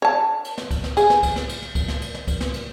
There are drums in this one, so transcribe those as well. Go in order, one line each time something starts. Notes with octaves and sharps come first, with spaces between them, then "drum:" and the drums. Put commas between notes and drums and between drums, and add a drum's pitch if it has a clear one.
C#5 A5
drum: cymbal
drum: snare
drum: kick C2, cymbal
drum: snare
G#4, drum: cymbal
drum: snare
drum: kick C2, cymbal
drum: snare
drum: cymbal
drum: snare
drum: kick C2, cymbal
drum: snare
drum: cymbal
drum: snare
drum: kick C2, cymbal
drum: snare
drum: cymbal